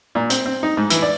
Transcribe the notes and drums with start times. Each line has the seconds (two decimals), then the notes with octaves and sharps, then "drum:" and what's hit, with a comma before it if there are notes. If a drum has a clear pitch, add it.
0.15 A#2
0.30 C4, drum: hi-hat
0.46 C4
0.63 D#4
0.77 G#2
0.90 E3, drum: hi-hat
1.02 D5